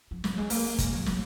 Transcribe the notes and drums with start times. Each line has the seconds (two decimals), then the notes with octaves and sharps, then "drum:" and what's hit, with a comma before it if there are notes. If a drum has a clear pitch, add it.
0.11 F3
0.24 F#3, drum: snare
0.38 G#3
0.50 A#3, drum: open hi-hat
0.79 G#3, drum: kick F#1, hi-hat
0.92 F#3
1.06 F#3, drum: snare